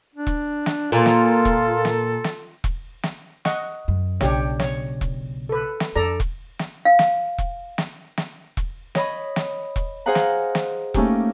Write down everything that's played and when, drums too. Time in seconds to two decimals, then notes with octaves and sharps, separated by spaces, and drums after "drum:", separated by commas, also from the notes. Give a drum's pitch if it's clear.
0.15 D4
0.27 drum: kick E1
0.66 drum: snare
0.92 A#2 F4 A4
1.06 drum: snare
1.45 drum: kick E1
1.85 drum: snare
2.24 drum: snare
2.64 drum: kick E1
3.03 drum: snare
3.45 D#5 F#5 C#6, drum: snare
3.88 F#2
4.21 B1 C#3 D4 G4 C#5, drum: snare
4.60 C#5, drum: snare
5.01 drum: kick E1
5.49 A4 B4
5.80 drum: snare
5.96 F2 D4 A4 D5 A#5
6.20 drum: kick E1
6.59 drum: snare
6.85 F5
6.99 drum: snare
7.38 drum: kick E1
7.78 drum: snare
8.18 drum: snare
8.57 drum: kick E1
8.95 C#5 D#5 B5, drum: snare
9.36 drum: snare
9.76 drum: kick E1
10.06 G#4 C5 D#5 F5 F#5 A#5
10.15 drum: snare
10.55 drum: snare
10.94 A3 A#3 C#4 D#4 G4, drum: kick E1